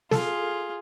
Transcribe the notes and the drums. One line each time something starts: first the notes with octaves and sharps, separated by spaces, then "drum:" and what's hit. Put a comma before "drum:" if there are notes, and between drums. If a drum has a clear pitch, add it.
F4 G#4 A4, drum: snare